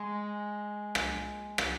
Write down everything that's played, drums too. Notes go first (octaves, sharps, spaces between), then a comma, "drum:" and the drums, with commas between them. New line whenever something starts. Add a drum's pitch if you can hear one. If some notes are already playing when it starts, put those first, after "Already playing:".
Already playing: G#3
drum: rim click
F#3, drum: rim click